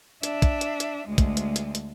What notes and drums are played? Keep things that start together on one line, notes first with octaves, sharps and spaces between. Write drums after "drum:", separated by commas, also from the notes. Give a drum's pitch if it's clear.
D4 E5, drum: hi-hat
drum: kick, hi-hat
drum: hi-hat
drum: hi-hat
D2 G#3
drum: kick, hi-hat
drum: hi-hat
drum: hi-hat
drum: hi-hat